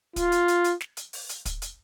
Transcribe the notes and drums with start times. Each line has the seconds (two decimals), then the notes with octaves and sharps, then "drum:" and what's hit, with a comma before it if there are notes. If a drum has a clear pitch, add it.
0.16 F4, drum: kick, hi-hat
0.32 drum: hi-hat
0.48 drum: hi-hat
0.64 drum: hi-hat
0.81 drum: snare
0.97 drum: hi-hat
1.13 drum: open hi-hat
1.29 drum: hi-hat
1.45 drum: kick, hi-hat
1.62 drum: hi-hat